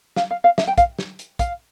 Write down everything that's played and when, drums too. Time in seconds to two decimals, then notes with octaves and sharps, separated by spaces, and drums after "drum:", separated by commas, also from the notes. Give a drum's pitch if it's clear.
0.16 F5, drum: snare
0.31 F5
0.44 F5
0.58 E5, drum: snare
0.67 G5
0.78 F5, drum: kick, hi-hat
0.99 drum: snare
1.19 drum: hi-hat
1.39 F5, drum: kick, hi-hat